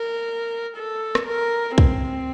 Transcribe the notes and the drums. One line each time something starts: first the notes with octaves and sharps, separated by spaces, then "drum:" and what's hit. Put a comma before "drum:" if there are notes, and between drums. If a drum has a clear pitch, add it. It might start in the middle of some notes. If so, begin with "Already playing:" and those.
Already playing: A#4
A4
drum: rim click
A#4
C4, drum: kick C2